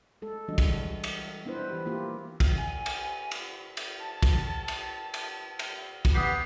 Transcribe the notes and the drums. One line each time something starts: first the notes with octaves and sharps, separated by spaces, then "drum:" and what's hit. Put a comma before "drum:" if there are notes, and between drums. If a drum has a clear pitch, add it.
G#3 A4
E3 G3 G#3 D4 F#4 D#5
drum: kick, cymbal
drum: cymbal
B3 D4 E4 F4 B4 C5
E3 G4
A#3 E4 F4 G4
drum: kick, cymbal
G#5
drum: cymbal
drum: cymbal
drum: cymbal
A5
drum: kick, cymbal
drum: cymbal
drum: cymbal
drum: cymbal
drum: kick, cymbal
B3 G4 D#6 F#6 C7